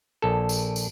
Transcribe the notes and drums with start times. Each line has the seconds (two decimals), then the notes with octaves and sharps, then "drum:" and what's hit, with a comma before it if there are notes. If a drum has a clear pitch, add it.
0.22 A#1 A4
0.49 drum: tambourine
0.76 drum: tambourine